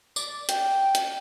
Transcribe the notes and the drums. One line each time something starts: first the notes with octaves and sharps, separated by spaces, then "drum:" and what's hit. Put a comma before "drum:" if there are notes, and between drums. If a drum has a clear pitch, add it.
D5, drum: tambourine
G5, drum: hi-hat
drum: hi-hat